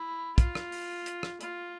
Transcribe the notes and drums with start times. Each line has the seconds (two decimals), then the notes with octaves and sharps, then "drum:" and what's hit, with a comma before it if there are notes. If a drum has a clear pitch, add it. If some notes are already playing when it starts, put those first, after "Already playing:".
Already playing: E4
0.38 F4, drum: kick, hi-hat
0.55 drum: rim click
0.72 drum: open hi-hat
1.06 drum: hi-hat
1.23 drum: rim click
1.41 F4, drum: hi-hat